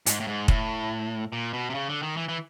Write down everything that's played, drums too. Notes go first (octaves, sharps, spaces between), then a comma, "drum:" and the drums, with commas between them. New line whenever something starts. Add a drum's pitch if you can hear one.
G#2, drum: hi-hat
A2
G#2
A2, drum: kick
A#2
B2
C3
C#3
D3
D#3
E3
E3